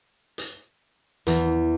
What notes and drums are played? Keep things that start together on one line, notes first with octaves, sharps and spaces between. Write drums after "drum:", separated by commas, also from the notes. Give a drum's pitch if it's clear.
drum: hi-hat
E2, drum: hi-hat